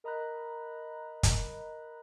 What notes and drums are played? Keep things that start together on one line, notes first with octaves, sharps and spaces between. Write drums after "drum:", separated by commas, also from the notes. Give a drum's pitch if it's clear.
A#4 D#5 A#5 B5 F#6
drum: kick, hi-hat